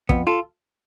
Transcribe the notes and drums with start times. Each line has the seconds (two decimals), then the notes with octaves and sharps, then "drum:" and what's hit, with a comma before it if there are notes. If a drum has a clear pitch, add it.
0.09 F2 B3, drum: kick
0.27 F4 A4